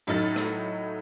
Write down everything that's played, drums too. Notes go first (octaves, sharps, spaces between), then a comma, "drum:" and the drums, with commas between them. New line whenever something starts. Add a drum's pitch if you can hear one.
A2 F#3 D#4 A4 F6 A6, drum: cymbal
drum: rim click